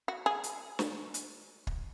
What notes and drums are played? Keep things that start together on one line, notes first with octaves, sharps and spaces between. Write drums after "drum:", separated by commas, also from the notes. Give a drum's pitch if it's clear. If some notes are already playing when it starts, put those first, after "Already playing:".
F#4
G#4
drum: hi-hat
drum: snare
drum: hi-hat
drum: kick